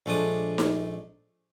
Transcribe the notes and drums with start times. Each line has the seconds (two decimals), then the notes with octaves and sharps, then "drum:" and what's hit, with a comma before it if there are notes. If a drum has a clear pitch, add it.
0.06 A#1 G#3 A3 D4 D#6
0.58 drum: snare D#4